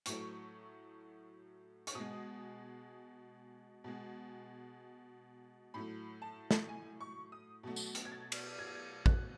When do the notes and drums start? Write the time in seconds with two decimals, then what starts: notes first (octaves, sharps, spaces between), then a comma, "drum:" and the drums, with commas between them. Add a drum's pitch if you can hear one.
0.06 A2 F#3 A3 C#6, drum: hi-hat
1.87 C#6, drum: hi-hat
1.95 B2 G#3 D#6
3.84 B2 G#3
5.74 A2 F#3 A3 B5
6.22 A5
6.51 drum: snare
6.69 G#5
7.01 C#6
7.32 D#6
7.64 B2 F#3 A3
7.76 drum: tambourine
7.95 drum: hi-hat
8.05 G#6
8.12 A6
8.32 drum: cymbal
8.59 G#6
9.06 F#6, drum: kick